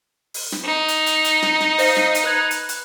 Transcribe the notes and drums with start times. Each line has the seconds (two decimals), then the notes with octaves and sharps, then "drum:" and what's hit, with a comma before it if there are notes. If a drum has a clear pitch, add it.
0.34 drum: open hi-hat
0.52 drum: snare
0.65 D#4
0.88 drum: hi-hat
1.06 drum: hi-hat
1.24 drum: hi-hat
1.42 drum: snare
1.60 drum: snare
1.79 C5 D#5 F5, drum: open hi-hat
1.97 drum: snare
2.15 drum: hi-hat
2.24 B4 F#6 G#6
2.51 drum: hi-hat
2.69 drum: hi-hat